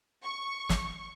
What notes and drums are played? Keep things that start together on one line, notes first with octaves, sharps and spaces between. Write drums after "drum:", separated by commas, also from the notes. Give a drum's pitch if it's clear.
C#6
drum: snare